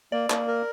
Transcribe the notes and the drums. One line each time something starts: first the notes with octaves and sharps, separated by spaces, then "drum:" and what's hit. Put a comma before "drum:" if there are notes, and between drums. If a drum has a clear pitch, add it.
A#3 D5
A#3, drum: clap
A#4